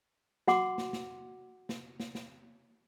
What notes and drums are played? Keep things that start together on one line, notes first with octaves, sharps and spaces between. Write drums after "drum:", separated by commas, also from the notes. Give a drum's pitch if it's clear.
F#4 F#5 C6 D6, drum: snare
drum: snare
drum: snare
drum: snare
drum: snare
drum: snare